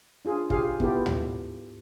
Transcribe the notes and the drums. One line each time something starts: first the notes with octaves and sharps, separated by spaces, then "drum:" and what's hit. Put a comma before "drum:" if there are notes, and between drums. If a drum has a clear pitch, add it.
D4 F4 G#4
F4 G4 G#4 F5, drum: kick
B3 E4 F4 G4 A4, drum: kick
drum: tom